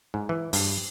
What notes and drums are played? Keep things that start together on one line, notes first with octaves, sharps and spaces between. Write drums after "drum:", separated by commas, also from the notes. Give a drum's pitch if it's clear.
G#2
E3
G2, drum: open hi-hat